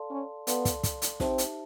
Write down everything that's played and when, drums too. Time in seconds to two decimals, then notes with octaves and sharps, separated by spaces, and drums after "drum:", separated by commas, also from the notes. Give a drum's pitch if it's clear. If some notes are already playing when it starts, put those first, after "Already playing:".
Already playing: A4 D5 F5 A5 C6
0.10 C#4
0.47 B3 A4 D5 F5 A5 C6, drum: hi-hat
0.65 drum: kick, hi-hat
0.83 drum: kick, hi-hat
1.02 drum: hi-hat
1.20 C4 D#4 G4 C5 E5 A5, drum: snare
1.38 drum: hi-hat